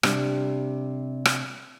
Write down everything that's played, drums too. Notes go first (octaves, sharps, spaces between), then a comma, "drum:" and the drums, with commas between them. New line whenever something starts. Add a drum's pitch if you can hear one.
C3 G3 D4, drum: rim click
drum: rim click